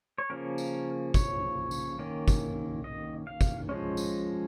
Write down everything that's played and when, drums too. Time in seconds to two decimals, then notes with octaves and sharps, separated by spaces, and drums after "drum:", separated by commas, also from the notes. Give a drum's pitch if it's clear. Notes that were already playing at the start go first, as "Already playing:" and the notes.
0.18 C#5
0.30 C#3 F3 A#3 C#4 A#4
0.58 drum: tambourine
1.14 C#5, drum: kick, tambourine
1.71 drum: tambourine
1.99 D#3 A#3 C#4
2.28 drum: kick, tambourine
2.84 D#5
3.27 F5
3.41 drum: kick, tambourine
3.69 F3 G#3 C#4
3.97 drum: tambourine